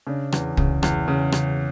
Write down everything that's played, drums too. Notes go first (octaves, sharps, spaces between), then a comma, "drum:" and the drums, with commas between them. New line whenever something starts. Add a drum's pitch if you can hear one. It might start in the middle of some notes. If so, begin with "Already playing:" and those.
C#3 D4
E2, drum: rim click
C#3, drum: kick
E2, drum: rim click
C#3
C#3, drum: rim click